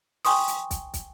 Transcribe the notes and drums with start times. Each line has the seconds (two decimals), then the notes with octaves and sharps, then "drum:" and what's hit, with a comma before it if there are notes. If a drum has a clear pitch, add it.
0.25 G5 G#5 C6 C#6 D#6, drum: open hi-hat
0.48 drum: hi-hat
0.71 drum: kick, hi-hat
0.94 drum: kick, hi-hat